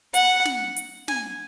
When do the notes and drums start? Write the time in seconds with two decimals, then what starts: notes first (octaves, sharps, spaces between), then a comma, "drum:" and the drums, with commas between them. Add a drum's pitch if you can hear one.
0.14 F#5, drum: hi-hat
0.45 drum: snare
0.76 drum: hi-hat
1.08 G#5, drum: snare